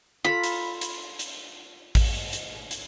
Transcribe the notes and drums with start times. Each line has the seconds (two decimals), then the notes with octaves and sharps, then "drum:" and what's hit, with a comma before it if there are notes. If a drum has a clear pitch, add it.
0.25 F4 A4 A#5 B5
0.44 drum: hi-hat
0.81 drum: hi-hat
1.19 drum: hi-hat
1.95 drum: kick A1, open hi-hat
2.33 drum: hi-hat
2.71 drum: hi-hat